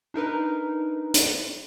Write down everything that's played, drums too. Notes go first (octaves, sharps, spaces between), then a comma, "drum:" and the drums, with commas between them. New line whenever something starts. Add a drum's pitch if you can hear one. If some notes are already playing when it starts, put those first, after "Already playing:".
D4 D#4 A#4 B4
drum: hi-hat